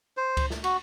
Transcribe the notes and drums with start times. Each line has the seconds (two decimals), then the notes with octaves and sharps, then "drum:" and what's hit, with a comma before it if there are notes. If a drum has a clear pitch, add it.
0.17 C5
0.37 drum: kick C#2, cymbal
0.50 drum: snare
0.64 F#4, drum: cymbal